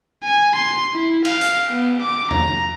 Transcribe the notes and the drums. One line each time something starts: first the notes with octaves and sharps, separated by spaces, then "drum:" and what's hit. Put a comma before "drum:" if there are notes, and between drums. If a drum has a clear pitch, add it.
G#5
C6
E4
F5, drum: cymbal
drum: hi-hat
B3
D6
A#5, drum: tom